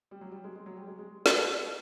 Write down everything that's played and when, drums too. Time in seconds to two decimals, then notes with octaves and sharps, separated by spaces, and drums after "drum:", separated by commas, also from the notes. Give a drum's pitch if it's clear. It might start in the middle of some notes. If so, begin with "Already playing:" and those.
0.11 G3
0.21 F#3
0.32 G3
0.44 G#3
0.55 G#3
0.66 F#3
0.76 G3
0.87 G#3
0.99 G#3
1.26 drum: snare